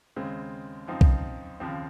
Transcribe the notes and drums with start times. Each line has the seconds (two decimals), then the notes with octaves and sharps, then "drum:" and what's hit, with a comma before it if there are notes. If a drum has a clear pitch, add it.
0.16 D#2 C#3 G#3 C4
0.88 F#2 F3 C4 D#4
1.01 drum: kick B1
1.60 D#2 C#3 F3 C4